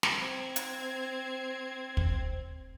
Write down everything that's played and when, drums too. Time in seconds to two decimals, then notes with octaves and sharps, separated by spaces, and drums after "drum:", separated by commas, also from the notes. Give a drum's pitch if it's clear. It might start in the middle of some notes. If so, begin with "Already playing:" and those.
0.03 drum: snare
0.19 C4 G#6
0.56 drum: hi-hat
1.97 drum: kick